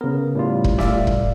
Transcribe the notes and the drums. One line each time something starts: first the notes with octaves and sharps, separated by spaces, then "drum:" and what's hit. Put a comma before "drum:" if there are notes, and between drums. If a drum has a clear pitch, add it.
C#3 B3 A#4
A2 G3 F4
drum: kick
D5 E5 F5, drum: snare
drum: kick